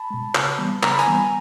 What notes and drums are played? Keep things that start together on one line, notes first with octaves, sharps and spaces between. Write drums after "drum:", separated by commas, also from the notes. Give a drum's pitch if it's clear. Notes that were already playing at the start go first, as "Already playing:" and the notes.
Already playing: A5 B5
B2 G#3
C#3, drum: clap
E3 G3 B3
C#3 A#5, drum: clap
B5
G#5 A#5, drum: hi-hat
E3 G3 B3